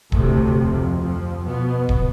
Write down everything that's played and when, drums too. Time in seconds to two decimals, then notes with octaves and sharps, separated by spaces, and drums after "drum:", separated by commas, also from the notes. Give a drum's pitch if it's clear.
0.12 D2 A2 C3 A3, drum: kick D#1
0.56 F2 F3
1.00 F2 F3
1.45 B2 B3
1.89 drum: kick D#1